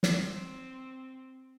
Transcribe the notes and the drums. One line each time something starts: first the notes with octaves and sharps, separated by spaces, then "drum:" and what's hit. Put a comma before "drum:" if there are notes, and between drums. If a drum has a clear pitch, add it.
drum: snare
C4